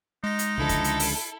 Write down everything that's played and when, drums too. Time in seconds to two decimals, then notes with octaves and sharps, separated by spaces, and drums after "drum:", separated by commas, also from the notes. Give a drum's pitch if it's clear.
0.24 G#3 D#4 A#6
0.39 drum: hi-hat
0.58 C#2 D3 F3 E4 A4
0.69 drum: kick, hi-hat
0.84 drum: hi-hat
1.00 drum: open hi-hat